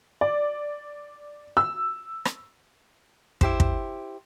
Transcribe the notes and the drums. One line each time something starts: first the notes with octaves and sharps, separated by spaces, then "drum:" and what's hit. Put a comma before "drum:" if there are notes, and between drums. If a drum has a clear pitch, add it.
D5
E6
drum: rim click
E4 G4 C5, drum: kick
drum: kick